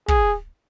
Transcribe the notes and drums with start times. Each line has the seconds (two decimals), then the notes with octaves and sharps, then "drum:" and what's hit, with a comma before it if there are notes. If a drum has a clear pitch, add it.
0.08 G#4, drum: kick